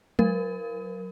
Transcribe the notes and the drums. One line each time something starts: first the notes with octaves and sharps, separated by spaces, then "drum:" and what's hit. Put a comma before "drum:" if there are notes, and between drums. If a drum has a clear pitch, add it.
F#3 A#4, drum: tom G#3